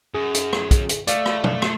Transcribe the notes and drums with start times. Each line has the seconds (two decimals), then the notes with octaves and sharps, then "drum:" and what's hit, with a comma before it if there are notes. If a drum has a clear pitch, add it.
0.15 F#2 G#4
0.34 drum: hi-hat
0.53 drum: rim click
0.71 drum: kick, hi-hat
0.89 drum: hi-hat
1.07 A3 D5 F5, drum: hi-hat
1.26 drum: rim click
1.44 drum: tom
1.62 drum: rim click